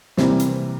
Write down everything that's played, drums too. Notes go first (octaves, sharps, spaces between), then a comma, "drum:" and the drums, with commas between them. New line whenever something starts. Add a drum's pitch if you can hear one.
C3 E3 G3 A#3 C4, drum: snare
drum: hi-hat